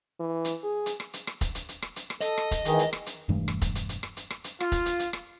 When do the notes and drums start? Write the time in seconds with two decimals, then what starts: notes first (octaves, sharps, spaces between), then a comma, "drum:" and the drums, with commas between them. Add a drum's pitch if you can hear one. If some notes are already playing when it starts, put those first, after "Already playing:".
0.20 E3
0.45 drum: hi-hat
0.64 G#4
0.86 drum: hi-hat
1.00 drum: rim click
1.13 drum: hi-hat
1.27 drum: rim click
1.41 drum: kick, hi-hat
1.55 drum: hi-hat
1.69 drum: hi-hat
1.82 drum: rim click
1.96 drum: hi-hat
2.10 drum: rim click
2.21 A4 D#5, drum: hi-hat
2.38 drum: rim click
2.51 drum: kick, hi-hat
2.65 D#3 E3 G#3 G#4, drum: hi-hat
2.79 drum: hi-hat
2.93 drum: rim click
3.06 drum: hi-hat
3.29 E1 G2 E3 A3
3.48 drum: rim click
3.62 drum: kick, hi-hat
3.75 drum: hi-hat
3.89 drum: hi-hat
4.03 drum: rim click
4.17 drum: hi-hat
4.30 drum: rim click
4.44 drum: hi-hat
4.60 F4, drum: rim click
4.72 drum: kick, hi-hat
4.86 drum: hi-hat
4.99 drum: hi-hat
5.13 drum: rim click